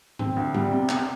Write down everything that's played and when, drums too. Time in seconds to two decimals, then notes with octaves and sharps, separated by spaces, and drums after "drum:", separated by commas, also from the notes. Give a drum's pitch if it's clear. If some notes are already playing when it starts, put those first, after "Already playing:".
0.19 C4, drum: tom G#2
0.36 D2
0.54 G3, drum: tom G#2
0.71 C3
0.89 C3, drum: clap